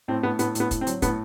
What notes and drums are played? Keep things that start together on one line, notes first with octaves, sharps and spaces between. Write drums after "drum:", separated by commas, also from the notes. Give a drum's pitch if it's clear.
A2 C4
A2 B3
A2 B3, drum: hi-hat
A2 B3, drum: hi-hat
A2, drum: kick, hi-hat
C4
F#3, drum: hi-hat
A2 B3, drum: kick, hi-hat